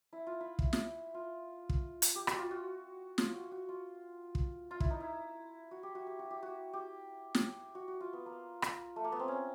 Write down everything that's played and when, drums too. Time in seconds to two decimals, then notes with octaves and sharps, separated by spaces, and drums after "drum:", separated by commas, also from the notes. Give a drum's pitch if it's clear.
0.13 E4
0.27 F4
0.41 E4
0.59 drum: kick
0.73 drum: snare
1.14 F4
1.69 drum: kick
2.02 drum: hi-hat
2.15 G4
2.27 F#4, drum: rim click
2.39 F4
2.51 F#4
3.18 F4, drum: snare
3.34 F#4
3.51 F#4
3.69 F4
4.35 drum: kick
4.71 F4
4.80 E4, drum: kick
4.90 D#4
5.00 E4
5.71 F#4
5.83 G4
5.95 F#4
6.07 G4
6.19 F#4
6.30 G4
6.43 F#4
6.73 G4
7.35 drum: snare
7.75 F#4
7.88 F#4
8.01 F4
8.13 B3
8.26 A#3
8.62 drum: rim click
8.96 A3
9.04 A#3
9.12 B3
9.19 C4
9.28 C#4